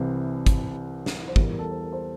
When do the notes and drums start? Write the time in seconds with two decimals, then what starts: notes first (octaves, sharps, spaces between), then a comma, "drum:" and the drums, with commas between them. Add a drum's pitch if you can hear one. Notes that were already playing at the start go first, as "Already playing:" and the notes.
Already playing: C2 C3 E3 C5
0.46 drum: kick, hi-hat
1.06 drum: snare
1.28 C5
1.36 E2 E3 G3 A#4, drum: kick
1.51 A#4
1.59 A4
1.71 C5
1.81 A#4
1.93 C5